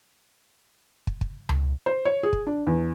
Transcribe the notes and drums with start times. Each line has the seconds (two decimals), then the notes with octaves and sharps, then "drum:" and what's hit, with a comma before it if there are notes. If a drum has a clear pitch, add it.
1.07 drum: kick
1.21 drum: kick
1.49 drum: tom C#2
1.86 C5
2.05 C#5
2.23 G#4
2.33 drum: kick
2.47 D4
2.67 E2